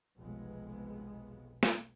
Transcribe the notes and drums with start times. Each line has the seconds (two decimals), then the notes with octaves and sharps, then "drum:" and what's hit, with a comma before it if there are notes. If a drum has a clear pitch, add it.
0.17 F1 B1 F2 G#3 B3
1.63 drum: snare